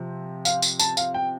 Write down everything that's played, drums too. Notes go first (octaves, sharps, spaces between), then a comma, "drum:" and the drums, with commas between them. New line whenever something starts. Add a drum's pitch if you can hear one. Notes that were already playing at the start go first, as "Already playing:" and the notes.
Already playing: C3 F3 C4
F5, drum: tambourine
drum: tambourine
A5, drum: tambourine
F5, drum: tambourine
G5